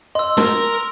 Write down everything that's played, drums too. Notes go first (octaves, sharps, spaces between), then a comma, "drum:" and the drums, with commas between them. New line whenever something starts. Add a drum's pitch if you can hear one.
D#5 C6 E6
A#4, drum: snare